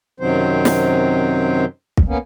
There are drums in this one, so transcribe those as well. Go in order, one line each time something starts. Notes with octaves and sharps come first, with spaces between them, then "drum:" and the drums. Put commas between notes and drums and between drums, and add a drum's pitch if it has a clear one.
F#2 C3 D#3 F#3 C4 C5
drum: snare
drum: kick
A#3 B3 C#4